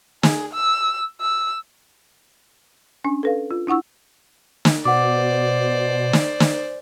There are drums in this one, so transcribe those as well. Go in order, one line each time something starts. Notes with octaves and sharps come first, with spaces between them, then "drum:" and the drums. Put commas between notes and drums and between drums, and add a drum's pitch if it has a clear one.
G#4, drum: snare
E6
E6
C#4 D4 G#5
A4 B4 F5
F4
D4 E4 F#5 C#6 E6
drum: snare
B2 C5 D5 F#5 D6
drum: snare
drum: snare